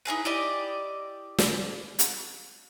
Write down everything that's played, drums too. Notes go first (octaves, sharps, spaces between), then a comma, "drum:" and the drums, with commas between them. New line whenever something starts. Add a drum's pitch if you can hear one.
D#4 E4 G#4 B4
E4 G4 D5 D#5
drum: snare
drum: hi-hat